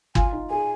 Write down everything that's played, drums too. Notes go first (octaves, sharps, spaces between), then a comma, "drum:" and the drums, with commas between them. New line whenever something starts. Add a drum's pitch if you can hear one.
F4 G#5, drum: kick
D#4
G#4 G#5